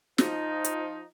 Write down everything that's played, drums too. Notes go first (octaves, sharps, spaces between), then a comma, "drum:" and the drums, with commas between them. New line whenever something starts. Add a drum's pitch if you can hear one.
F3 D#4, drum: snare
drum: hi-hat